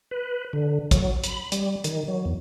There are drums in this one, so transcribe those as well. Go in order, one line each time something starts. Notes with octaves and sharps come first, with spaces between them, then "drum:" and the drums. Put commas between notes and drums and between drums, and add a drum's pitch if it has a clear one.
B4
D3
F#3, drum: kick, hi-hat
B5, drum: hi-hat
G3, drum: hi-hat
D#3, drum: hi-hat
F#3
E2